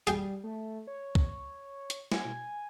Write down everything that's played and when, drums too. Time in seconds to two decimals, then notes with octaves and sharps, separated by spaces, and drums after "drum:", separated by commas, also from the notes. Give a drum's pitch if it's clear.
0.07 G3 G#4 G5, drum: hi-hat
0.44 A3
0.87 C#5
1.15 drum: kick
1.90 drum: hi-hat
2.12 G#5, drum: snare